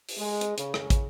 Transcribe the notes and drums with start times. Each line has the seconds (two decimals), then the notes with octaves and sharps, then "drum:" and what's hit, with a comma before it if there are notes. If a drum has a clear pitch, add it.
0.09 drum: open hi-hat
0.18 G#3
0.41 drum: hi-hat
0.58 C#3, drum: hi-hat
0.74 drum: rim click
0.90 drum: kick, hi-hat